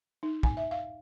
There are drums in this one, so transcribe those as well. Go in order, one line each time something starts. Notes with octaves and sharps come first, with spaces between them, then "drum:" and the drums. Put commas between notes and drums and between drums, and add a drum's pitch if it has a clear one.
D#4
G#5, drum: kick
E5
F5